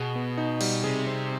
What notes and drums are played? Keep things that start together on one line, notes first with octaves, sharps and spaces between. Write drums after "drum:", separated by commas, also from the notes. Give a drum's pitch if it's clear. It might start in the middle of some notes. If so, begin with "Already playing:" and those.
Already playing: B2 G#4
B3
D#4
G3, drum: cymbal
C3 G#4
C4